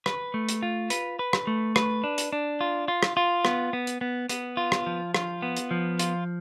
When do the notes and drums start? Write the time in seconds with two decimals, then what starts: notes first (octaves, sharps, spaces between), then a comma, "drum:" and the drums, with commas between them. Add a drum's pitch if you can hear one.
0.06 B4, drum: rim click
0.34 A3
0.49 drum: hi-hat
0.63 F4
0.90 B4, drum: hi-hat
1.19 B4
1.33 drum: rim click
1.47 A3
1.76 B4, drum: rim click
2.04 D4
2.18 drum: hi-hat
2.33 D4
2.61 F4
2.88 F4
3.03 drum: rim click
3.17 F4
3.45 B3, drum: rim click
3.73 B3
3.87 drum: hi-hat
4.01 B3
4.29 B3, drum: hi-hat
4.57 F4
4.72 drum: rim click
4.86 F3
5.15 F4, drum: rim click
5.42 B3
5.57 drum: hi-hat
5.71 F3
5.99 F4, drum: hi-hat